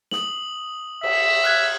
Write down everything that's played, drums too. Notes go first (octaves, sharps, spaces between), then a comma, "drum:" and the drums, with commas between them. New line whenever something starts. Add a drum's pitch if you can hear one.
D#6 F#7, drum: snare
E5, drum: cymbal
F6 F#6 G#6